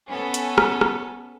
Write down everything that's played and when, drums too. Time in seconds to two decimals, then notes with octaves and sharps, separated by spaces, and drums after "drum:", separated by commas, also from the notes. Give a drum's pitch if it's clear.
0.10 B3 C#4 A4
0.34 drum: hi-hat
0.58 drum: rim click
0.81 drum: rim click